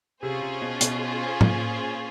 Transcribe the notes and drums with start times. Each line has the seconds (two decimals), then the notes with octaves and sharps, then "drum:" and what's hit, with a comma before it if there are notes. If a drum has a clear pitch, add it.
0.22 C3 C#4 F4 G#4 C5
0.41 C3
0.62 B2
0.81 B2, drum: hi-hat
1.41 A#2, drum: tom A2